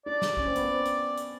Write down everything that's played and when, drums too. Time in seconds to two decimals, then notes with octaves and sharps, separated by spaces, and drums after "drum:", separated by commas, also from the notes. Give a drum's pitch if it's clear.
0.06 D4 D5
0.22 drum: snare
0.37 C#4, drum: kick A1
0.46 C4
0.56 B3, drum: hi-hat
0.64 C4
0.85 drum: hi-hat
1.17 drum: hi-hat